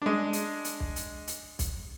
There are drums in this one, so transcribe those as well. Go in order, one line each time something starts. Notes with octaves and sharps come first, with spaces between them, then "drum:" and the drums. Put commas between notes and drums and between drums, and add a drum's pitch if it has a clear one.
G#3 D4
drum: hi-hat
drum: hi-hat
drum: kick B1
drum: hi-hat
drum: hi-hat
drum: kick B1, hi-hat